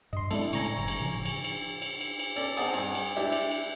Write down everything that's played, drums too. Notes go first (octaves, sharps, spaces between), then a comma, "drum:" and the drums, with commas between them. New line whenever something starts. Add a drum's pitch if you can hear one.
G2 D#5 C6
G#3 C4 D4 E4 A4, drum: cymbal
A2 C#3 G#5 A#5 C#6, drum: cymbal
F#1
drum: cymbal
A2 C#3 F3
drum: cymbal
drum: cymbal
drum: cymbal
drum: cymbal
drum: cymbal
C#4 A4 D5, drum: cymbal
C4 D#4 G#4 F#5 A5 D#6, drum: cymbal
G2, drum: cymbal
drum: cymbal
G#3 D4 E4 G4
drum: cymbal
drum: cymbal